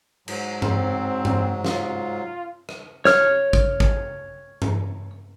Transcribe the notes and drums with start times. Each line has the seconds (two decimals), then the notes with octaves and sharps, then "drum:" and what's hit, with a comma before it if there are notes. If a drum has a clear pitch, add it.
0.28 G#2 F#3, drum: cymbal
0.62 C4, drum: tom G2
1.25 drum: tom G2
1.65 F4, drum: snare
2.69 drum: rim click
3.05 C#5 F6, drum: snare
3.53 drum: kick
3.80 drum: kick
4.62 drum: tom G2